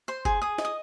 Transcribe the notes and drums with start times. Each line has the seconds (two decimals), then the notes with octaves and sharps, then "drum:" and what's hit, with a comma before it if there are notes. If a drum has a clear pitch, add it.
0.08 C5 C6
0.25 G#4, drum: kick F#1
0.42 G#4 D#6
0.58 D#5, drum: snare
0.65 D#6